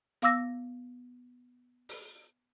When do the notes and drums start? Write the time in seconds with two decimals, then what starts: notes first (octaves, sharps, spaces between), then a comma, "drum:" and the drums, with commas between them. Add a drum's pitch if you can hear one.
0.22 B3 F5 D6 E6 A#6, drum: hi-hat
1.89 drum: open hi-hat